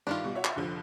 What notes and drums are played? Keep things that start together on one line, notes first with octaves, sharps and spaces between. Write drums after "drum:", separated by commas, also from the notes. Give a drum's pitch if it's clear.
G2 D#3 D4 E4 F4
B2 G3
F#4 C#5 E5
drum: clap
F1 D3 F3